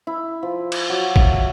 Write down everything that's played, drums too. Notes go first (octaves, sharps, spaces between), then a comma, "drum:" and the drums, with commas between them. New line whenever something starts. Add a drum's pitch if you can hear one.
E4
F3
drum: cymbal
F#3
E5, drum: kick G#1